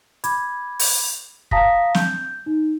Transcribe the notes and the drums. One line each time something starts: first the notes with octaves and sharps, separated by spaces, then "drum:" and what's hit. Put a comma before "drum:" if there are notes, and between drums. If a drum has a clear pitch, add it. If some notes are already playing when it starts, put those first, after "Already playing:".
B5 D6 G#6, drum: hi-hat
drum: open hi-hat
F5 A5 A#5 D#6 A#6 B6, drum: kick
G6, drum: snare
D#4